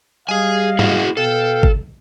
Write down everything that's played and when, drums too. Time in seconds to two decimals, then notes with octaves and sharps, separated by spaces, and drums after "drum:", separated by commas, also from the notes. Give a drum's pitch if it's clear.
0.29 G3 G#4 D#5 F5 G#5
0.79 E4 F#4 G#4, drum: tom G#2
1.17 B2 A4 F5 G5
1.63 drum: kick G#1